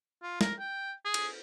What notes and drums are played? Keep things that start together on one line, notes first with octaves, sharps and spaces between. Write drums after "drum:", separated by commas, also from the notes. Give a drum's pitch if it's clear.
F4
A#4, drum: snare
G5
G#4
drum: cymbal